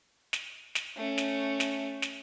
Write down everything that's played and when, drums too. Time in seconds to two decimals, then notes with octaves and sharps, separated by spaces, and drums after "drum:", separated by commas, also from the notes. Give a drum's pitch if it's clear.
0.33 drum: snare
0.75 drum: snare
0.96 A3 C#4
1.18 drum: snare
1.60 drum: snare
2.02 drum: snare